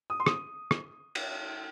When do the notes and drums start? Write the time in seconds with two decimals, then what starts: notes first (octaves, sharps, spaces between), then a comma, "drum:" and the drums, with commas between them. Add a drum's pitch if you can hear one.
0.10 D#6
0.20 C6
0.26 D#6, drum: rim click
0.71 drum: rim click
1.15 drum: cymbal